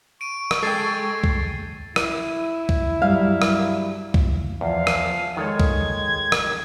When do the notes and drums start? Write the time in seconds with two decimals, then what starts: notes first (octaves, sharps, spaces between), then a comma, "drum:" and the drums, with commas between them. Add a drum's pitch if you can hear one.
0.21 C#6 D7 D#7
0.51 drum: rim click
0.63 G#3 A4 G5 G#6 A6 C7
1.24 drum: kick C2
1.96 E4, drum: rim click
2.69 drum: kick C2
3.02 G2 F#3 G3 F5
3.42 drum: rim click
4.14 drum: kick C2
4.61 E2 F3 F5
4.87 drum: rim click
5.37 D#3 G#3 A4 C#5 G#6
5.60 drum: kick C2
6.32 drum: rim click